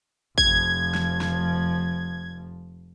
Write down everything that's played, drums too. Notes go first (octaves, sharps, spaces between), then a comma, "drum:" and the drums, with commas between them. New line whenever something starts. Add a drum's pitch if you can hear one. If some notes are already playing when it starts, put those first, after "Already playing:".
F1 F3 G#6, drum: kick G#1
drum: snare
drum: snare